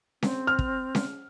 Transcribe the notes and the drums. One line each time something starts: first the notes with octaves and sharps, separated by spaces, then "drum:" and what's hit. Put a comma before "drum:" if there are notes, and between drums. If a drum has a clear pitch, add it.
C4, drum: snare C#4
F6
drum: kick
drum: snare C#4